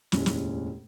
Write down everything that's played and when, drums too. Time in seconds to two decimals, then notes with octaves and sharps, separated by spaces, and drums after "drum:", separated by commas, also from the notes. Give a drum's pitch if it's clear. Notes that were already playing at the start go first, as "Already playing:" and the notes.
0.12 F1 D#2 A#2 G#3 C#4 E4, drum: snare
0.26 drum: snare